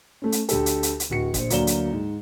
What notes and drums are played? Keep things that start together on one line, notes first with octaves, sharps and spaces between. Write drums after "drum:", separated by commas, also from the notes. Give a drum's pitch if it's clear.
A3 C#4
drum: hi-hat
D2 D3 G4 A4, drum: hi-hat
drum: hi-hat
drum: hi-hat
drum: hi-hat
D1 F#4 C#7
A#1 C5, drum: kick, hi-hat
D2 F#3 A#3 D5 E7 G7, drum: hi-hat
drum: hi-hat
G#2